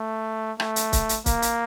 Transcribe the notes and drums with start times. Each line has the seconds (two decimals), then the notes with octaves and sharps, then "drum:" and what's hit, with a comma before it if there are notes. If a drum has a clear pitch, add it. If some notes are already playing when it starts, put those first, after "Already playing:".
Already playing: A3
0.60 A3, drum: rim click
0.76 drum: hi-hat
0.93 drum: kick, hi-hat
1.09 drum: hi-hat
1.26 A#3, drum: kick, hi-hat
1.42 drum: hi-hat